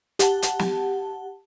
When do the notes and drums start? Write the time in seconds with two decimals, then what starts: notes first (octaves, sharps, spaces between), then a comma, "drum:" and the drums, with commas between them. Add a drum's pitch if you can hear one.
0.19 G4 F#5 A5, drum: hi-hat
0.42 drum: hi-hat
0.59 drum: snare